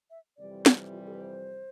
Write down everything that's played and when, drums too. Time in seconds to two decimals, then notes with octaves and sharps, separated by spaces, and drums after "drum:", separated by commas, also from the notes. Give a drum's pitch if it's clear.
0.10 E5
0.38 F2 C3 E3 G3 D5
0.66 drum: snare
0.92 F4
0.99 G4
1.07 A4
1.14 B4
1.21 C5